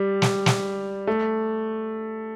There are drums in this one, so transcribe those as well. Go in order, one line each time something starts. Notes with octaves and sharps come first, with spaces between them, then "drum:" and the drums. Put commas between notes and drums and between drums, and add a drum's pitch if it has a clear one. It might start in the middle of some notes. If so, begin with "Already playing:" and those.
Already playing: G3
drum: snare
drum: snare
A3